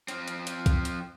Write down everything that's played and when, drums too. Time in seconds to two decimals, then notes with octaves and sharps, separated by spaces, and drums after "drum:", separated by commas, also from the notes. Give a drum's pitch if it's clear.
0.08 F3 C4, drum: hi-hat
0.28 drum: hi-hat
0.47 drum: hi-hat
0.66 drum: kick B1, hi-hat
0.85 drum: hi-hat